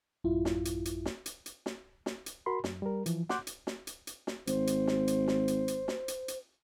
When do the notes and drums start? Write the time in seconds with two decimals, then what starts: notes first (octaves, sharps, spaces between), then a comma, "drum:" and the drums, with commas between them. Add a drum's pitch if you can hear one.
0.24 A1 F#2 E4 F4
0.45 drum: snare
0.65 drum: hi-hat
0.85 drum: hi-hat
1.06 drum: snare
1.26 drum: hi-hat
1.46 drum: hi-hat
1.66 drum: snare
2.06 drum: snare
2.26 drum: hi-hat
2.46 F#4 A#4 B5 C6
2.64 F#2, drum: snare
2.82 G3 A#4
3.06 E3 F3, drum: hi-hat
3.29 F#5 C6 D6 F#6 G6, drum: snare
3.47 drum: hi-hat
3.67 drum: snare
3.87 drum: hi-hat
4.07 drum: hi-hat
4.27 drum: snare
4.47 G#1 C5, drum: hi-hat
4.67 drum: hi-hat
4.87 drum: snare
5.08 drum: hi-hat
5.28 drum: snare
5.48 drum: hi-hat
5.68 drum: hi-hat
5.88 drum: snare
6.08 drum: hi-hat
6.28 drum: hi-hat